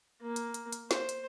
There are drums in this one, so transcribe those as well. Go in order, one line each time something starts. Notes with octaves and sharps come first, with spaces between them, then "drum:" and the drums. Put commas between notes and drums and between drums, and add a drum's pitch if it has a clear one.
A#3
drum: hi-hat
drum: hi-hat
drum: hi-hat
C5, drum: snare
drum: hi-hat